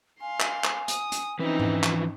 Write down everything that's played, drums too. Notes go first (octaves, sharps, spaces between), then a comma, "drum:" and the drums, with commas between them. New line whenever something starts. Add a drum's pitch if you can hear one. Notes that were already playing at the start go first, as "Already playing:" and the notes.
F5 G#5 C6
drum: clap
drum: clap
D#6, drum: hi-hat
drum: hi-hat
E3 F3 C4 C#4 D#4 B4
drum: tom G#2
drum: clap